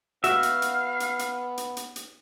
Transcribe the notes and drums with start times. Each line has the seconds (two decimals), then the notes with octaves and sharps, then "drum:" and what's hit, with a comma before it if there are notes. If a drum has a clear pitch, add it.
0.24 B3 F#4 E5 F5, drum: hi-hat
0.43 drum: hi-hat
0.62 drum: hi-hat
1.00 drum: hi-hat
1.19 drum: hi-hat
1.57 drum: hi-hat
1.77 drum: hi-hat
1.96 drum: hi-hat